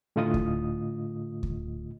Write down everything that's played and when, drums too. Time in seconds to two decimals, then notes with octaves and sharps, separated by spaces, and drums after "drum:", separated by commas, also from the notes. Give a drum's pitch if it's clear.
0.16 A2 D3 A3 F4 D#5 D#6
0.34 drum: kick D2
1.43 drum: kick D2